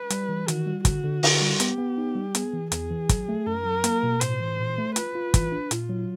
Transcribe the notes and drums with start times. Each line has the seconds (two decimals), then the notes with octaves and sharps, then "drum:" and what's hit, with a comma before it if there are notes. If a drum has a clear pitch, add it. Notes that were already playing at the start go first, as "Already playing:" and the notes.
Already playing: B4
0.10 G3, drum: hi-hat
0.29 E3
0.48 D#3 F#4, drum: hi-hat
0.66 G3
0.85 D3 F#4, drum: kick, hi-hat
1.03 D3
1.23 D3, drum: open hi-hat
1.41 G3
1.60 B3 G4, drum: hi-hat
1.78 B3
1.98 D#4
2.15 G3
2.35 B3 G#4, drum: hi-hat
2.53 E3
2.72 E2 G#4, drum: hi-hat
2.91 E3
3.09 F#3, drum: kick, hi-hat
3.29 A3
3.46 F#2 A#4
3.65 F#3
3.84 A#3, drum: hi-hat
4.03 B2
4.21 A2 C5, drum: hi-hat
4.40 E3
4.59 A#2
4.78 A3
4.96 F4 B4, drum: hi-hat
5.15 F4
5.34 E3, drum: kick, hi-hat
5.52 D4
5.71 A#2 F4, drum: hi-hat
5.89 F#3